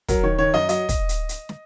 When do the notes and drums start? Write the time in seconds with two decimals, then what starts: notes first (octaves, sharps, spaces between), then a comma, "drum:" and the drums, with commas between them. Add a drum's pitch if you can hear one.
0.08 F#3 A#4, drum: kick, hi-hat
0.23 D#3 C#5
0.38 D#3 C#5
0.54 F#2 D#5
0.69 F#3 D#5, drum: hi-hat
0.89 drum: kick, hi-hat
1.09 drum: hi-hat
1.29 drum: hi-hat
1.49 drum: snare